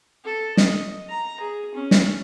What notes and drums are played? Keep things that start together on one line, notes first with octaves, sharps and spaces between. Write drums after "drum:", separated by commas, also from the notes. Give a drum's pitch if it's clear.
A4
D#5, drum: snare
A#5
G#4
C#4
drum: snare